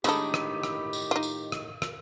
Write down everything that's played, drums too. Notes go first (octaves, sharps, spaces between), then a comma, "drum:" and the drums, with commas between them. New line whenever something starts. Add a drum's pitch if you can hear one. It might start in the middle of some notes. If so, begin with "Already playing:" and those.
A2 D#3 G#3 D4 G4 A4 B5 D#6, drum: tambourine
drum: rim click
drum: rim click
drum: tambourine
D#4 F4
drum: tambourine
drum: rim click
drum: rim click